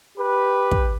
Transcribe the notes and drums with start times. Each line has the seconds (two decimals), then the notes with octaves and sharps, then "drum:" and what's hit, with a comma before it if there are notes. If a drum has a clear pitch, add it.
0.18 G4 B4
0.71 drum: kick